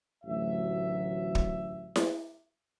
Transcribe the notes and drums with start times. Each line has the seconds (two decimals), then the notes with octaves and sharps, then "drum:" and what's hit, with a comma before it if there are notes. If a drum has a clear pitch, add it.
0.25 A1 D2 F#3 E5
1.35 drum: kick
1.96 drum: snare E4